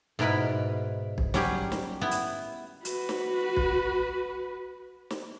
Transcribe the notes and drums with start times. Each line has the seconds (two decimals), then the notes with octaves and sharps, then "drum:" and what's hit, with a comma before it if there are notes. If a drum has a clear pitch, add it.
0.19 G#2 B2 E4 A#4 B4 B5
1.18 drum: kick
1.34 F#3 G3 C#4 G4 G#4, drum: snare
1.72 drum: snare
2.01 B3 E4
2.11 drum: hi-hat
2.85 F#4 B4, drum: hi-hat
3.09 drum: snare
3.56 drum: kick
5.10 drum: snare